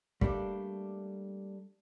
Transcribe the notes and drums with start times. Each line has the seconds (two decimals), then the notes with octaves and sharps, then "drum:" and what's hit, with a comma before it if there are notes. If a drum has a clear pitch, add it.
0.21 G3 A3 A#3 D4 G4, drum: kick